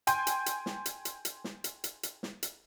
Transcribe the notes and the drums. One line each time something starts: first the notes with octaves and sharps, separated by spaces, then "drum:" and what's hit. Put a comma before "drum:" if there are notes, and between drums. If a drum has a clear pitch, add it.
G5 G#5 C6 G6, drum: hi-hat
drum: hi-hat
drum: hi-hat
drum: snare
drum: hi-hat
drum: hi-hat
drum: hi-hat
drum: snare
drum: hi-hat
drum: hi-hat
drum: hi-hat
drum: snare
drum: hi-hat